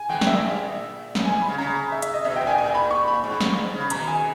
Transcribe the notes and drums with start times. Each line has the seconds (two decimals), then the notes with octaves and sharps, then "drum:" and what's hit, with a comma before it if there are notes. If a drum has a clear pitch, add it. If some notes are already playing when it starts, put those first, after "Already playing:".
Already playing: G#5
0.09 E3 G#3 G5
0.21 G#2, drum: snare
0.26 A#2 E5
0.43 G2
0.59 A#2
1.15 drum: snare
1.25 B2 G#5
1.41 B5
1.48 C#3
1.58 C#3 A#5
1.75 A#5
1.92 E5
2.02 E5, drum: hi-hat
2.14 D#5
2.24 B2 E5
2.36 A#2 G5
2.47 G#5
2.58 A#2 G#5
2.75 B5
2.91 C#6
3.08 B5
3.24 G#2
3.41 G2, drum: snare
3.57 G#2
3.74 C#3
3.80 B5
3.90 B2 D#3 A#5, drum: hi-hat
4.08 G#5